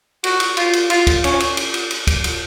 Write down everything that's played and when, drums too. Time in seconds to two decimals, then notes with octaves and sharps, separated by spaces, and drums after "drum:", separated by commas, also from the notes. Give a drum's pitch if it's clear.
0.24 F#4, drum: cymbal
0.40 drum: cymbal
0.57 F4, drum: cymbal
0.73 drum: cymbal
0.90 F4, drum: cymbal
1.07 drum: kick, cymbal
1.24 C#4, drum: cymbal
1.40 drum: cymbal
1.57 drum: cymbal
1.74 drum: cymbal
1.91 drum: cymbal
2.07 drum: kick, cymbal
2.24 drum: cymbal